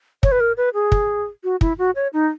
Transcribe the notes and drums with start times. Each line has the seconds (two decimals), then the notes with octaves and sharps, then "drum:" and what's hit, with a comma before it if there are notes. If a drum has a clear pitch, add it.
0.23 C#5, drum: kick
0.32 B4
0.40 A#4
0.57 B4
0.74 G#4
0.92 drum: kick
1.44 F#4
1.61 E4, drum: kick
1.79 F#4
1.96 C#5
2.13 D#4